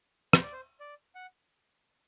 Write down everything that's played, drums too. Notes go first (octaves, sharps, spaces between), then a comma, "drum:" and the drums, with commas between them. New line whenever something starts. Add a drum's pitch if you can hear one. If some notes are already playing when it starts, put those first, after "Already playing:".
C5, drum: rim click
D5
C5
D5
F#5